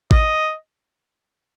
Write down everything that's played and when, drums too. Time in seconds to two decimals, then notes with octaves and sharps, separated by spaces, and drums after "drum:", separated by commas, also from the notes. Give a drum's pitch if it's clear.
0.11 D#5, drum: kick